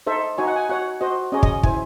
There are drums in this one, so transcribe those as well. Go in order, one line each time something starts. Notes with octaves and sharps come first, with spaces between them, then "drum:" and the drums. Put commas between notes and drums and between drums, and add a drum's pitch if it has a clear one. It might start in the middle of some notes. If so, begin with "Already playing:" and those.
D#4 A4 C5 E5
D#4 F#4 C#5 G#5
F#5
G#5
F#4 C#5 F#5
F#4 C5 D#5
C#4 G#4 C#5 D#5
D#5, drum: kick
E4 C5 G#5, drum: kick